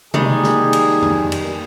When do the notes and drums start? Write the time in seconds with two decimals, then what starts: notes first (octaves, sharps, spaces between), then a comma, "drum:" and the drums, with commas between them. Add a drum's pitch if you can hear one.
0.14 D#3 G3 G#3 A#3 D#4 G#4, drum: tom C3
0.43 drum: snare
0.73 drum: cymbal
1.02 drum: tom F2
1.32 drum: cymbal